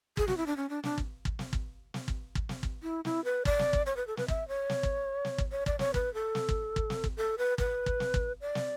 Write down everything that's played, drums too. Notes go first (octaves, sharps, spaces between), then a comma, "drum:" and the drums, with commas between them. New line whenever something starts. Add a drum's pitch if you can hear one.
G#4, drum: kick
F#4, drum: snare
E4
D4
C#4
D4
D4, drum: snare
drum: kick
drum: kick
drum: snare
drum: kick
drum: snare
drum: kick
drum: kick
drum: snare
drum: kick
E4
E4, drum: snare
B4
D5, drum: kick
drum: snare
drum: kick
C#5
B4
A4
B4, drum: snare
E5, drum: kick
C#5
drum: snare
drum: kick
drum: snare
drum: kick
C#5
D5, drum: kick
C#5, drum: snare
B4, drum: kick
A4
drum: snare
drum: kick
drum: kick
drum: snare
drum: kick
A4
B4
B4, drum: kick
drum: kick
drum: snare
drum: kick
D5
drum: snare